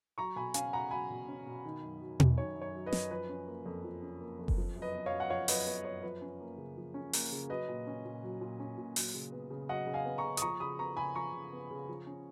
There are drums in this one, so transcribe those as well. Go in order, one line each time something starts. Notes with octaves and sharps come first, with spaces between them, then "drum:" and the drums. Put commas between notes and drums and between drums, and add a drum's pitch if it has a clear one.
F#3 A#5 C#6
B2 G#5 B5
C#4 F5 G#5, drum: hi-hat
B2 F#5 A#5
F#3 G#5 B5
B2
C#4
B2
D#3
F#2
F#3
F#2, drum: tom B2
D#3 C#5
F#2
C#5
F#3
B4 D#5
F#2, drum: snare
F3 B4
C#4
A#3
F2
F3
C#4
A#3
F2
drum: kick F#1
F3
F#2
B4 D#5
B3
C#5 F5
F#2
F#5
F3 C#5 F5
F#2 B4 D#5, drum: open hi-hat
B3 B4
F#2 C#5
F3 B4
C#4
A#3
C#3
F3
C#4
A#3, drum: open hi-hat
C#3
F#3 B4 D#5
A#2
C#4
A#2
F#3
A#2
C#4
A#2
F#3, drum: open hi-hat
C#3
B3
C#3
F#3 D#5 F#5
C#3
F5 G#5
B3
A#5 C#6
C#3
D#6, drum: hi-hat
F3 A#5 C#6
C#3 B5 D#6
B3 A#5 C#6
C#3 G#5 B5
F3 A#5 C#6
C#3
B3
C#3
F3
C#4